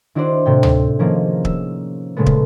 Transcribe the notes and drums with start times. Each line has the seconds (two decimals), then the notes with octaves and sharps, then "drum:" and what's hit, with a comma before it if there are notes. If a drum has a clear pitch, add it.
0.15 D#3 D4 E4 F#4 C5 D5
0.46 A2 C3 G5
0.63 drum: tom D2
0.99 D#3 F3 A#3 C#4 G#4
1.45 E6, drum: kick
2.17 A#2 C#3 G#3 A3 B3
2.26 drum: kick